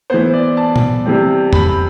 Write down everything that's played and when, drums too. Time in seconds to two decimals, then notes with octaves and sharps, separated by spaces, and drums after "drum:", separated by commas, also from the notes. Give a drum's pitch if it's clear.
0.10 E3 B3 C5
0.33 D5
0.57 A5
0.76 drum: tom A#2
1.06 C3 E3 G3 C4
1.53 B5, drum: tom E2